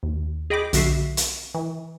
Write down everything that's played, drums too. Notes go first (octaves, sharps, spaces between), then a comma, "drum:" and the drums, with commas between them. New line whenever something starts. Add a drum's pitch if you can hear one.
D#2
G#4 D#5 G5 B5 D6
B1 D3 F#4 E5 C7, drum: hi-hat
drum: hi-hat
E3